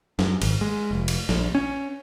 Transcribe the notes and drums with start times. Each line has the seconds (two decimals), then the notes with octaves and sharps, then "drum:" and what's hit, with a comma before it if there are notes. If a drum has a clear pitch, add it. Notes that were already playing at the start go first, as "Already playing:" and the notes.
0.19 F#2, drum: snare
0.42 G#1, drum: cymbal
0.61 G#3
0.91 F1
1.08 drum: cymbal
1.29 A#1, drum: snare
1.55 C#4